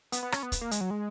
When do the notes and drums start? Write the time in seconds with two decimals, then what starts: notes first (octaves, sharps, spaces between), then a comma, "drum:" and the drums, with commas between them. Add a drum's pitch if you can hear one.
0.12 B3, drum: hi-hat
0.23 B3
0.32 C#4, drum: rim click
0.43 B3
0.52 drum: kick, hi-hat
0.61 A#3
0.71 G#3, drum: hi-hat
0.81 F#3
0.91 G#3